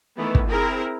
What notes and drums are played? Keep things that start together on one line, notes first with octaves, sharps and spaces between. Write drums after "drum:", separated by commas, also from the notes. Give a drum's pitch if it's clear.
D#3 E3 A3 B3
drum: kick
C4 E4 G#4 A#4